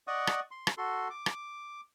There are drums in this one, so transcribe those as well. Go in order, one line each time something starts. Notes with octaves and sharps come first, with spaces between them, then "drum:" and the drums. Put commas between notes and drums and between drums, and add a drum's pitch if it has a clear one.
D5 D#5 F#5 C#6 D#6
drum: rim click
C6
drum: rim click
F#4 A4 C6
D6
drum: rim click